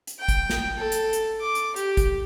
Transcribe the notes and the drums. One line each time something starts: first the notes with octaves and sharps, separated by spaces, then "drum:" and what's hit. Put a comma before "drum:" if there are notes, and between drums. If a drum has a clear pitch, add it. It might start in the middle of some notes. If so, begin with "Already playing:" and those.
drum: hi-hat
G5
drum: kick G#1, hi-hat
drum: snare
A4
drum: hi-hat
drum: hi-hat
D6
drum: hi-hat
G4, drum: hi-hat
drum: kick G#1, hi-hat